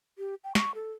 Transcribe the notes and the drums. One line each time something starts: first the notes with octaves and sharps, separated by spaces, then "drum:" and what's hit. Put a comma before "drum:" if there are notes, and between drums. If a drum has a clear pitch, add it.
G4
G5
C#6, drum: snare
A4